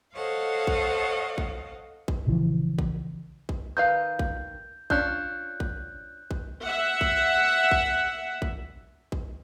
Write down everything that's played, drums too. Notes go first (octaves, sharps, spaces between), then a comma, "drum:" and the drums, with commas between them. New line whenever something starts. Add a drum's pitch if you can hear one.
A4 C5 C#5 D#5 F5 F#5
drum: kick
drum: kick
drum: kick
A#1 C#3 E3 F3
drum: kick
drum: kick
D#3 B4 F5 G6
drum: kick
C#4 D4 F4 F#6 G6, drum: kick
drum: kick
drum: kick
E5 F#5
drum: kick
drum: kick
drum: kick
drum: kick